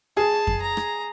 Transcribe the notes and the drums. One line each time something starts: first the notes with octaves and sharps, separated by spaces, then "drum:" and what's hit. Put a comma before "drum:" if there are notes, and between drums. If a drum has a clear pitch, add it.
G#4 A5
drum: kick F2
A#5
drum: rim click